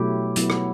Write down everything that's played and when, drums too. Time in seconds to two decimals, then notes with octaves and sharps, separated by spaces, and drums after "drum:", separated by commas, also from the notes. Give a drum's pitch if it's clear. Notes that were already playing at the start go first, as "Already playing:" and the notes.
Already playing: B2 F#3 A3 E4 G4
0.36 F#3 B3 E4, drum: hi-hat
0.50 drum: rim click